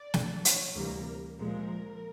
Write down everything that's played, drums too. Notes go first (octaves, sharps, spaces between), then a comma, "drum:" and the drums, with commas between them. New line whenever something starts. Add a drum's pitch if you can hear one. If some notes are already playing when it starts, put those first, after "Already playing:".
Already playing: D5
A2 F#3 A#3 D4, drum: snare
C#5, drum: hi-hat
D2 C3 E3 G3 A#3 A#4
A#2 F3 G#3 A#4